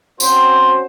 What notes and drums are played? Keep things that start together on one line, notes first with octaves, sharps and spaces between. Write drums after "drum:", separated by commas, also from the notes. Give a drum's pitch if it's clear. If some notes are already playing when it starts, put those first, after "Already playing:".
C4 C#4 F#4 C5, drum: tambourine